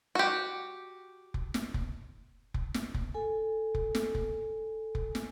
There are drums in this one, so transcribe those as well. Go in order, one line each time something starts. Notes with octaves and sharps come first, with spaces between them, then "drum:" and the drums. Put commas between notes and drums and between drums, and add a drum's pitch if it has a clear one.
F#4 G4
drum: kick F1
drum: snare
drum: kick F1
drum: kick F1
drum: snare
drum: kick F1
A4 G#5
drum: kick F1
drum: snare
drum: kick F1
drum: kick F1
drum: snare